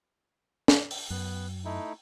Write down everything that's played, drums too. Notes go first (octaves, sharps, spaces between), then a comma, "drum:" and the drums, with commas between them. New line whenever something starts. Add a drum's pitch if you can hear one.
drum: snare
drum: open hi-hat
F#2 B3 F#6
A3 D#4 E4